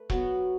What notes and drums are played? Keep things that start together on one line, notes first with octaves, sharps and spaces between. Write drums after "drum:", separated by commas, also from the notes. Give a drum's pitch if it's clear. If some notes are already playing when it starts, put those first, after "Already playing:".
Already playing: A3 A4 B4
F#3 B3 F#4, drum: kick E1